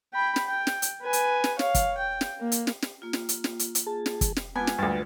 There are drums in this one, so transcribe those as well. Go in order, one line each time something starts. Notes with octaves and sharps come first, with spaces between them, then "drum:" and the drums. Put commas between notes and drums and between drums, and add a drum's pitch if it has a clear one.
G5 B5
drum: snare
G5
drum: snare
drum: hi-hat
B4 G#5
drum: hi-hat
drum: snare
C#5 F5, drum: snare
drum: kick, hi-hat
G5
drum: snare
A#3
drum: hi-hat
drum: snare
drum: snare
A#3 F4
drum: snare
drum: hi-hat
drum: snare
drum: hi-hat
drum: hi-hat
G#4 A5
drum: snare
drum: kick, hi-hat
drum: snare
G#3 B3 F4 G#5 A5 B5 D6
drum: snare
D2 G2 B4 A6